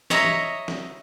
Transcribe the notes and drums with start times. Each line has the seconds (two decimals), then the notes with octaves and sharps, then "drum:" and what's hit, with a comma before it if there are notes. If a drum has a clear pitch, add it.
0.10 C#5 D#5 E5 A#5, drum: snare
0.25 drum: tom
0.68 drum: snare